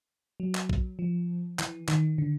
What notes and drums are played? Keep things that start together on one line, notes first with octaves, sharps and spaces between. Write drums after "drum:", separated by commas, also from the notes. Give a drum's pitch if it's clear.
F#3
drum: clap
drum: kick A#1
F3
E3, drum: clap
D#3, drum: clap
D3